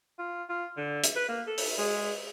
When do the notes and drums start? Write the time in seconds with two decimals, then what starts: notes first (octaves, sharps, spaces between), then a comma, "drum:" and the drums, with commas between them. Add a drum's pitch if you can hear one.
0.19 F4
0.49 F4
0.77 D3
1.04 drum: hi-hat
1.16 B4
1.29 A#3
1.47 A4
1.58 drum: open hi-hat
1.78 G#3